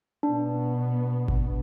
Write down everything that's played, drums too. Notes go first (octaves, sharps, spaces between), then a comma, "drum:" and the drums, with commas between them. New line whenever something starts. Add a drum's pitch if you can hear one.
B2 B3 D4
drum: kick G#1